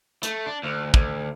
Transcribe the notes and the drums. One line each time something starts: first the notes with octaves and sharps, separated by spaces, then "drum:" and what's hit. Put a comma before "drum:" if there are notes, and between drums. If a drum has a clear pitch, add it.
A3, drum: hi-hat
D4
D2
D2, drum: kick